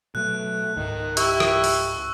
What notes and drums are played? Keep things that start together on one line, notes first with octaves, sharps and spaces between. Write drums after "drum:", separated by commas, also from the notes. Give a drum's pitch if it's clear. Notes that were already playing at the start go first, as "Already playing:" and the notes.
B2 F#3 A3 F#6
C#2 G#2 D#3
E4 G4 C#6 E6, drum: hi-hat
drum: rim click
drum: open hi-hat